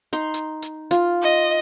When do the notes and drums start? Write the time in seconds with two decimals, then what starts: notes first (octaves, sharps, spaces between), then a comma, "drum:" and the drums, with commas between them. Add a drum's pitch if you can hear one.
0.13 D#4 C6
0.34 drum: hi-hat
0.62 drum: hi-hat
0.91 F4, drum: hi-hat
1.23 D#5